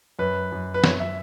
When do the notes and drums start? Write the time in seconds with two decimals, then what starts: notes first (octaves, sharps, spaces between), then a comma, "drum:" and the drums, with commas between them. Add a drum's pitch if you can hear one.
0.19 F#2 B4
0.52 F#2
0.74 B4
0.84 F#2 C#5, drum: snare
1.00 E5